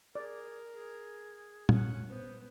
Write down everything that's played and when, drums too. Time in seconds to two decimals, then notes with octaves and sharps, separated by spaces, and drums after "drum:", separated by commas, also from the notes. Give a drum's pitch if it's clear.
0.15 G#4 A#4 D5
0.74 G#4
1.69 C#4 F#5, drum: tom
2.09 B3 C5